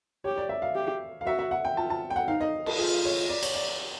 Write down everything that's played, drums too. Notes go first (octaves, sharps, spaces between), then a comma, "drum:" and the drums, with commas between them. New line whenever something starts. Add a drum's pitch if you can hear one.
G4 C#5
D5
E5
F5
G4
F5
F#4 E5
E5
F#5
G5
F4 A5
A5
G5
F#5
D#4 F5
D#5
A4, drum: cymbal
F4 G#4
C#5
D5
C#5, drum: cymbal
D5